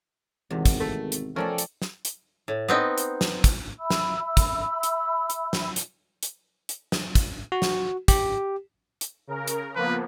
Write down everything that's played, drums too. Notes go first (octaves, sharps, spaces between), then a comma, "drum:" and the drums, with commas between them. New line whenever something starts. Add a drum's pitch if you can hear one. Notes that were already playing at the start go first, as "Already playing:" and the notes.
G#1 E2 C3
drum: kick, hi-hat
A3
drum: hi-hat
F3 A3 C4 C#4 A4 A#4 D5
drum: hi-hat
drum: snare
drum: hi-hat
A2
B3 C4 D#4
drum: hi-hat
drum: snare
drum: kick, hi-hat
E5 B5 E6
drum: snare
drum: kick, hi-hat
drum: hi-hat
drum: hi-hat
drum: snare
drum: hi-hat
drum: hi-hat
drum: hi-hat
drum: snare
drum: kick, hi-hat
F#4
drum: snare
G4, drum: kick, hi-hat
drum: hi-hat
C#3 A#4
drum: hi-hat
F3 A#3 B3 B4